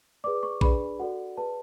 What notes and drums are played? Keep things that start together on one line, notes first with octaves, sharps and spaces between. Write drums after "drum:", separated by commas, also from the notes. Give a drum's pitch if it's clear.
G#4 B4 D5 D6
C#6
D4 G#4 B4 D5 B5, drum: kick A#1
F#4 A4 D5 F#5
G#4 B4 D5 A5